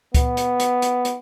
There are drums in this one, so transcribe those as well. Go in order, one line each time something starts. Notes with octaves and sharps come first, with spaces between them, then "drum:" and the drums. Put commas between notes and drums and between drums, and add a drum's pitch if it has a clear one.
B3, drum: kick C#2, hi-hat
drum: hi-hat
drum: hi-hat
drum: hi-hat
drum: hi-hat